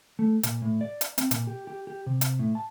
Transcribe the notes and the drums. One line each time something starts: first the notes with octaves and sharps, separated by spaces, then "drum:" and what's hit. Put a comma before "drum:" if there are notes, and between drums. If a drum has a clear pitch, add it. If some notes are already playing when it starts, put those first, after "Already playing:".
A3
A#2, drum: hi-hat
A2
D5
drum: hi-hat
C4, drum: hi-hat
A#2, drum: hi-hat
G4
G4
G4
C3
drum: hi-hat
A2
A5